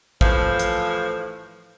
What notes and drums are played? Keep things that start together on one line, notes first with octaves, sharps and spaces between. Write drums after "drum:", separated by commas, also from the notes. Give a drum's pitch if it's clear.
A2 E3 F3, drum: kick
drum: hi-hat